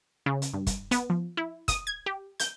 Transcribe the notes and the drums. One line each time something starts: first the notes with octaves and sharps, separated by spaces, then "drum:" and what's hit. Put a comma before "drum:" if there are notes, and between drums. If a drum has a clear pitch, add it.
C#3
drum: hi-hat
G2
drum: kick, hi-hat
B3, drum: hi-hat
F3
E4
D#6, drum: kick, hi-hat
G#6
G4
G6, drum: hi-hat